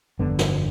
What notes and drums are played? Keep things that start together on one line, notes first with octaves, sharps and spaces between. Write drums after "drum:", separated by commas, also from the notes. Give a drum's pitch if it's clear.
G1 F2 D3 B3
C4, drum: snare